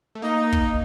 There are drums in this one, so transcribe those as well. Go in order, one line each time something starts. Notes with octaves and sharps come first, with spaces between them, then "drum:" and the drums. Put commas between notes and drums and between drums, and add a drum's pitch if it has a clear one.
A3
A#3 D#4
drum: kick